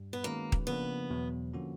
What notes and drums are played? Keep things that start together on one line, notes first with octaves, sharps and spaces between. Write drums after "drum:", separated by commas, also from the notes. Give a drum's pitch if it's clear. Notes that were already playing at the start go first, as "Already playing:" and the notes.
Already playing: G2 G3
B3
D#3 G#3 A#3 C#4 F#4 B4
drum: kick D#1
C#3 F3 A#3 B3 D4
E2 B2 F#3
D3 F3 A#3 C#4 F#4